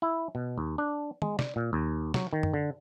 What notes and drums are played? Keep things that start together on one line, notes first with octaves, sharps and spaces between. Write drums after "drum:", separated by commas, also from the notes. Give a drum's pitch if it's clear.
E4
B2
D#2
D4
G#3, drum: tom
D5, drum: snare
A#2
D#2
F#3, drum: snare
D#3
drum: tom F#2
D3